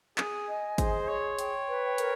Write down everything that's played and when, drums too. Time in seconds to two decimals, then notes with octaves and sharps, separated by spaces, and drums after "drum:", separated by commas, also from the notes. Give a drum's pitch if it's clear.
0.18 G#4 G#5, drum: clap
0.48 D#5
0.78 G#4 C5, drum: kick, hi-hat
1.08 C#5 C6
1.39 G5, drum: hi-hat
1.67 B4
1.98 A#4, drum: hi-hat